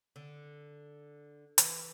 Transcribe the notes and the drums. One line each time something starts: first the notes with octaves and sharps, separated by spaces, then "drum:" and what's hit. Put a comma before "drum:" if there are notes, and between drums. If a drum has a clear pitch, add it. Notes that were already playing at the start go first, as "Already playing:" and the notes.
D3
E3, drum: hi-hat